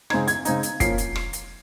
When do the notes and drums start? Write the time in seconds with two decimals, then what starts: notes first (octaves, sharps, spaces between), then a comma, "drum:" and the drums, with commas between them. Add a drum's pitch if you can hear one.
0.10 C#3 G#3 C4 D#4 G#6, drum: rim click
0.28 G#6, drum: hi-hat
0.45 C#3 G#3 C4 D#4, drum: hi-hat
0.63 drum: hi-hat
0.80 F3 A#3 C#4 C7, drum: kick, hi-hat
0.98 drum: hi-hat
1.16 drum: rim click
1.33 drum: hi-hat